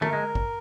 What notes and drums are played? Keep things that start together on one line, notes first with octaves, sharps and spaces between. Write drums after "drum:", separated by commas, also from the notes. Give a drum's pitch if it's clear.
A3 A#4, drum: tom D3
G#3
drum: kick